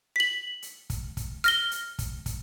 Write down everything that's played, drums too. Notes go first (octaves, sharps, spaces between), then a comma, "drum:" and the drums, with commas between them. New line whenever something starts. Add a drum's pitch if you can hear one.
B6 F#7
drum: hi-hat
drum: kick, hi-hat
drum: kick, hi-hat
F6 A#6 G7, drum: hi-hat
drum: hi-hat
drum: kick, hi-hat
drum: kick, hi-hat